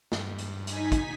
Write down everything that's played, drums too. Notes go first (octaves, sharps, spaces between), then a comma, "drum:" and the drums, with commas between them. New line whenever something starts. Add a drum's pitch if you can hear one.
G2, drum: snare
drum: hi-hat
D#4 G#5 B6, drum: hi-hat
drum: kick, hi-hat